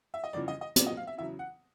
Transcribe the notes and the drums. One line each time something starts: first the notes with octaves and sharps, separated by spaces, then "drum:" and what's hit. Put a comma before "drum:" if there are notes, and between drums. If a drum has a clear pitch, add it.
E5
D#5
G1 F2 C#3 E3 D5
D#5
D#5
A#1 A#2 F#3 D5, drum: hi-hat
D#5
F5
E5
E2 C#3 F#3 E5
F#5